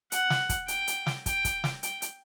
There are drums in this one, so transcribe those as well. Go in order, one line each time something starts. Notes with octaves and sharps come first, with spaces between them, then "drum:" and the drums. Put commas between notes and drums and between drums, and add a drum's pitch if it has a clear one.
F#5, drum: hi-hat
drum: snare
drum: kick, hi-hat
G5, drum: hi-hat
drum: hi-hat
drum: snare
G5, drum: kick, hi-hat
drum: kick, hi-hat
drum: snare
G5, drum: hi-hat
drum: hi-hat